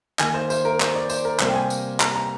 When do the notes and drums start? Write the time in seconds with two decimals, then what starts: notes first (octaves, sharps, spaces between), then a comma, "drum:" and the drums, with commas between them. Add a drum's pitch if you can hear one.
0.19 D#3 A#3 G#5, drum: clap
0.34 C5
0.50 C5, drum: tambourine
0.65 A#4
0.81 C5, drum: clap
0.95 D5
1.10 C5, drum: tambourine
1.25 A#4
1.40 C3 G3 A#3 C5, drum: clap
1.49 G5
1.55 G#5
1.70 drum: tambourine
2.00 A#5, drum: clap
2.16 A#5